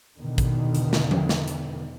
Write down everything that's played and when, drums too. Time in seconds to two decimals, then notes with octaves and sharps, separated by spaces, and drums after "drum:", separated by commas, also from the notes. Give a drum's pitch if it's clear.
0.20 E2 B2 D3 D#3
0.38 drum: kick, hi-hat
0.75 drum: hi-hat
0.93 drum: snare
1.11 drum: tom F3
1.29 drum: snare
1.48 drum: hi-hat